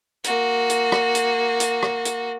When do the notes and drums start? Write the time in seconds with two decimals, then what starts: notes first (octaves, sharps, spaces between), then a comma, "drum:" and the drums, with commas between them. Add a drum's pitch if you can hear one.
0.24 A#3 F#4, drum: hi-hat
0.70 drum: hi-hat
0.92 drum: rim click
1.15 drum: hi-hat
1.60 drum: hi-hat
1.83 drum: rim click
2.05 drum: hi-hat